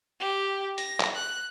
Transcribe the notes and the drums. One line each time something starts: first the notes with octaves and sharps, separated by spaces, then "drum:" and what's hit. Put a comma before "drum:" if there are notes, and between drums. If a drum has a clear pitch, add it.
G4
A#6, drum: hi-hat
drum: clap
F#6